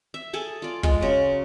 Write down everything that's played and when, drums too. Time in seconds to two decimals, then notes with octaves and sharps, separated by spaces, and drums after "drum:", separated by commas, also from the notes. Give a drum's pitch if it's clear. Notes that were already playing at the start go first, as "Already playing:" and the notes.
0.14 E5
0.33 G#4 A4 A5
0.62 F4 D5
0.83 G#3 F4, drum: kick
1.01 C#3 F#3